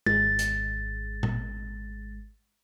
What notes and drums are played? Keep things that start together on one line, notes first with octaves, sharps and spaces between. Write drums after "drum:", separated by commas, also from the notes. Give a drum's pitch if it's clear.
G#1 G#3 A6, drum: tom
drum: hi-hat
drum: tom A#2